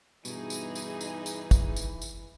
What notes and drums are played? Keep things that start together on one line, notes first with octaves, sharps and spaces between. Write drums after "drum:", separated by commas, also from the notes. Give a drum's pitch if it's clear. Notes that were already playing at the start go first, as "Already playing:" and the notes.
G2 B2 E3 D#4 G#4, drum: tambourine
drum: tambourine
drum: tambourine
drum: tambourine
drum: tambourine
drum: kick, tambourine
drum: tambourine
drum: tambourine